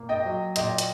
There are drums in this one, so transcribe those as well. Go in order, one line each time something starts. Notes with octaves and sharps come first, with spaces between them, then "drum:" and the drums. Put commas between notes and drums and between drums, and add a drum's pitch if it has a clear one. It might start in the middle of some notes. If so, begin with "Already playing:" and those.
Already playing: A#2 A#3
D#5 G5
F#3
A#2 D#5 G5, drum: hi-hat
drum: hi-hat